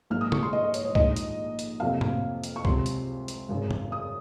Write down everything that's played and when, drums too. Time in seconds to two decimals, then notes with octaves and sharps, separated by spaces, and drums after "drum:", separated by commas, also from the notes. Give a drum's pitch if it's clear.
0.10 A#1 G#2 F#3 A#3 F6
0.21 D#6
0.32 C#6, drum: tom C#3
0.43 C6
0.53 D#5
0.63 D#5
0.74 C#5, drum: hi-hat
0.85 C#5
0.95 A#1 G#2 D#3 D#5, drum: kick C#2
1.16 drum: hi-hat
1.59 drum: hi-hat
1.80 F2 C3 F#3 A#3 F5
2.01 drum: tom
2.44 drum: hi-hat
2.56 C#6
2.65 C#2 C3 F#3 C6, drum: kick C#2
2.86 drum: hi-hat
3.28 drum: hi-hat
3.49 G#1 F#2 C#3
3.71 drum: tom
3.92 D#6